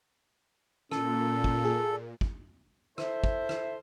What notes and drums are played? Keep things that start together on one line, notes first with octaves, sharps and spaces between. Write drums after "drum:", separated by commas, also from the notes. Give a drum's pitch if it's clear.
A#2 C#4 A4, drum: rim click
drum: kick
G#4
drum: kick
E4 A4 C5 E5, drum: rim click
drum: kick
drum: rim click